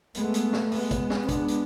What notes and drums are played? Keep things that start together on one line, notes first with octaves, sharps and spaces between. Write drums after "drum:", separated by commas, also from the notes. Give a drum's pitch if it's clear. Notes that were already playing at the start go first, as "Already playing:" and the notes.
G#3 A3 B3, drum: hi-hat
drum: hi-hat
drum: snare
G#3 B3, drum: open hi-hat
drum: kick, hi-hat
drum: snare
C4
D4, drum: kick, hi-hat
drum: hi-hat